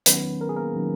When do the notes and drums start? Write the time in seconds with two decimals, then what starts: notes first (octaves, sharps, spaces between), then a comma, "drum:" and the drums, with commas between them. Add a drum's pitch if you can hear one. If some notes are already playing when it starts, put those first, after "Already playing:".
0.06 D#3 F#3 B3 C#4 B4, drum: hi-hat
0.41 A#4
0.49 G#4
0.57 A#3 A#4
0.76 D#3 F#3 C#4